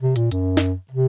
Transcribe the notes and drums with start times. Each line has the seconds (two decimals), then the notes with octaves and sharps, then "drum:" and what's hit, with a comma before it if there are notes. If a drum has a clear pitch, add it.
0.02 C3
0.16 A#2, drum: hi-hat
0.31 F#2, drum: hi-hat
0.57 drum: snare
0.91 C3